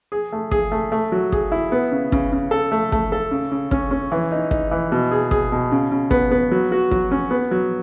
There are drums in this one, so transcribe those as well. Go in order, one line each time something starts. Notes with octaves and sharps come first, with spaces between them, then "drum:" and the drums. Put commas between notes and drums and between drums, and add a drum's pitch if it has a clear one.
G#4
A3
G#4, drum: kick
A3
A3
F#3
G#4, drum: kick
E4
B3
C#3
C#3, drum: kick
C#3
A4
A3
A3, drum: kick
A4
C#3
C#3
C#4, drum: kick
C#4
E3
D#4
D#4, drum: kick
E3
B2
G#4
G#4, drum: kick
B2
C#3
C#3
B3, drum: kick
B3
F#3
F#4
F#3, drum: kick
C#4
B3
F#3